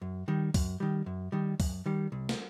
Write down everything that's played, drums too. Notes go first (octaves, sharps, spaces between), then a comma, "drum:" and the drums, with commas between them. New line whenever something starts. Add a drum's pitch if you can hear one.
F#2
D#3 G3
F#2, drum: kick, open hi-hat
D#3 G3
F#2
D#3 G3
F#2, drum: kick, open hi-hat
D#3 G3
C2
drum: snare